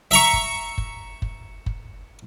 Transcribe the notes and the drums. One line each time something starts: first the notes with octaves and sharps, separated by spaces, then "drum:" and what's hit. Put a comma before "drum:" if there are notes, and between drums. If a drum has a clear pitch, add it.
E5 A#5 C#6
drum: kick F#1
drum: kick F#1
drum: kick F#1
drum: kick F#1